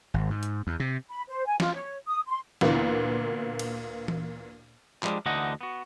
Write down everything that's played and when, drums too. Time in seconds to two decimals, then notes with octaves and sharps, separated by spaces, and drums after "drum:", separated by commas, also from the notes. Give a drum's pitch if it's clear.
0.14 G#1
0.30 G#2
0.43 drum: hi-hat
0.67 E2
0.80 C3
1.10 B5
1.28 C5
1.46 G#5
1.60 F4, drum: snare
1.74 C#5
2.07 D#6
2.27 C6
2.61 D2 A#2 E3 A#3 B3, drum: snare
3.59 drum: cymbal
4.08 drum: tom E3
5.03 F3 G3 G#3 C#4 D4, drum: clap
5.26 D2 D3 E3 D#4 D#5 F#5
5.61 B3 F#4